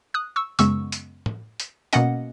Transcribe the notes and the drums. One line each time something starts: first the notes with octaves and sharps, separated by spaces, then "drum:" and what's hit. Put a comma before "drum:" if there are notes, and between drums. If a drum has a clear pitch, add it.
D#6 F#6
C#6 E6
F#2 C#3 G#3 B3 C#6 E6, drum: hi-hat
drum: hi-hat
drum: tom
drum: hi-hat
B2 A#3 C#4 D#5 F#5, drum: hi-hat